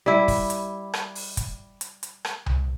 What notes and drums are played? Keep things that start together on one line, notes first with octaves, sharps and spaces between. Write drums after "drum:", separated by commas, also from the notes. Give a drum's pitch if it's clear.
G3 E4
drum: kick, open hi-hat
drum: hi-hat
drum: rim click
drum: open hi-hat
drum: kick, hi-hat
drum: hi-hat
drum: hi-hat
drum: rim click
drum: tom C2